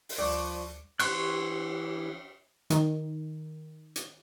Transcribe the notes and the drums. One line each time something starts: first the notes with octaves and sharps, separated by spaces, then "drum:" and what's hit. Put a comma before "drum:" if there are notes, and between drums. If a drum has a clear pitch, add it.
drum: open hi-hat
D2 F3 G3 D5 C#6 D6
E3 G4 C6 C#6 F#6, drum: cymbal
D#3, drum: hi-hat
drum: hi-hat